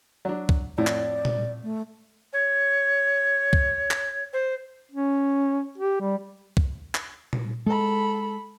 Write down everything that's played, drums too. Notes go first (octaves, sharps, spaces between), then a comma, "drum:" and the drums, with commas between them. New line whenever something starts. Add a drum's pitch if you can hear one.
F#3 D4
drum: kick
F2 A2 D5
drum: clap
drum: tom A#2
A3
C#5
drum: kick
drum: clap
C5
C#4
G4
G3
drum: kick
drum: clap
drum: tom A#2
G#3 A4 B5